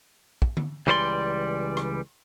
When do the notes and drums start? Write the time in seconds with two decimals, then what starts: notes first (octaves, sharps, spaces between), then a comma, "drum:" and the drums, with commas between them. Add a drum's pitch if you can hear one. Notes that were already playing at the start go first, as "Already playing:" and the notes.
0.42 drum: kick
0.57 drum: tom D3
0.87 C#2 E3 G3 C5 D5 C6
1.77 drum: rim click